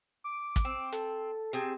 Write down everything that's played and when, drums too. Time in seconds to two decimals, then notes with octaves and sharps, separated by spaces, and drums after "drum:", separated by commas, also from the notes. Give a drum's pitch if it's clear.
0.24 D6
0.56 drum: kick, hi-hat
0.65 C4
0.93 A4, drum: hi-hat
1.53 C4 G4 G#4 A5